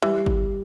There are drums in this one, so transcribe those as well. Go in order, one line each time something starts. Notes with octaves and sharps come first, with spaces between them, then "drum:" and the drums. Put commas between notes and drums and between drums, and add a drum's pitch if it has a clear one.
E3 G3
drum: kick G1